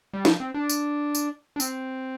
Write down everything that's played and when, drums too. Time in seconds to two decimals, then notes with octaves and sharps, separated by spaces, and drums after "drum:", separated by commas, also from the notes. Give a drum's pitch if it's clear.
0.13 G3
0.25 F3, drum: snare
0.40 C4
0.54 D4
0.69 drum: tambourine
1.15 drum: tambourine
1.56 D4
1.60 C4, drum: tambourine